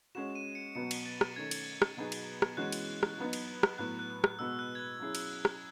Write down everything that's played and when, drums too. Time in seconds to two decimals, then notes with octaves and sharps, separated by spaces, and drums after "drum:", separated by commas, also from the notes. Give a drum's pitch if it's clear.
0.15 G#3 C#4 F#4 E7
0.35 D#7
0.55 C#7
0.75 B2 F#3 B3 F#4 C#7
0.91 drum: cymbal
1.06 A6
1.21 drum: rim click
1.36 D#3 A3 C#4 G#6
1.51 drum: cymbal
1.82 drum: rim click
1.97 B2 F#3 B3 D#4 G#4
2.12 drum: cymbal
2.42 drum: rim click
2.57 E3 G#3 C#4 F#4 F#6
2.72 drum: cymbal
3.03 drum: rim click
3.18 F#3 B3 D#4
3.33 drum: cymbal
3.63 drum: rim click
3.78 A2 F#3 B3 F#6
3.99 F#6
4.24 drum: rim click
4.39 B2 G#3 B3 F#4 E6
4.59 F#6
4.75 G#6
4.79 F#6
4.99 F#3 C#4 E4 G#4
5.15 drum: cymbal
5.45 drum: rim click